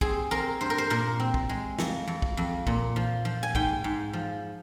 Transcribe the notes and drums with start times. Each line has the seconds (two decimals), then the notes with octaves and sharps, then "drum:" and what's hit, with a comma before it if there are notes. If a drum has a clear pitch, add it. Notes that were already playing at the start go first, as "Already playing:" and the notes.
0.01 C4 G#4, drum: kick
0.31 C4 A#4
0.61 G2 C5
0.70 A#4
0.78 C5
0.90 A#2 A#4
1.20 C4
1.34 drum: kick
1.49 G#3
1.79 F2, drum: snare
2.07 F2
2.22 drum: kick
2.37 F2
2.67 A#2, drum: kick
2.96 F3
3.25 F3
3.43 G#5
3.55 G#2 G5, drum: kick
3.84 G#2
4.13 F3